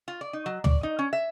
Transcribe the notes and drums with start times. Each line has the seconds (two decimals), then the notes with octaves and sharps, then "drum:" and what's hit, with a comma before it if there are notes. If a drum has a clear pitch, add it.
0.08 F4
0.21 D5
0.33 D#4
0.46 F#3
0.64 D5, drum: tom
0.83 D#4
0.99 C#4
1.13 E5